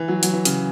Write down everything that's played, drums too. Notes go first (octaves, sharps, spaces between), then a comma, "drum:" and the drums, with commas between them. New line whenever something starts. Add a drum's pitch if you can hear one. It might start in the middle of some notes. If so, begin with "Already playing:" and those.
Already playing: E3
F#3
F#3, drum: hi-hat
E3
C#3, drum: hi-hat